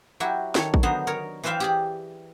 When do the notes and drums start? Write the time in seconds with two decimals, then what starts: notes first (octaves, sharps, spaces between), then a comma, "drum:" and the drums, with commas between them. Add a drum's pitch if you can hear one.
0.20 F#3 E4 F#4 G4
0.55 D#3 A4 C#5, drum: snare
0.74 drum: kick
0.83 D3 F#3 B3 D#4 C5
1.07 A#4 C#5
1.43 E3 B4 C5 E5 F5 G5
1.60 G4 G#4 D5